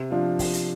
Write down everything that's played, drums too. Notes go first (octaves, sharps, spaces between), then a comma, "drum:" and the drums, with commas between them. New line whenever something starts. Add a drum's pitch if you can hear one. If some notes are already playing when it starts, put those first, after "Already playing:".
Already playing: C3
F3 D4 F4
drum: kick, open hi-hat
drum: hi-hat